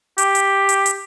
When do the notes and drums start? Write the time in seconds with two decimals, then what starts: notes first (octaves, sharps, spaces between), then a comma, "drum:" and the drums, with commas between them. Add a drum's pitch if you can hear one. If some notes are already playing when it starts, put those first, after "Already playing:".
0.18 G4, drum: hi-hat
0.35 drum: hi-hat
0.69 drum: hi-hat
0.86 drum: hi-hat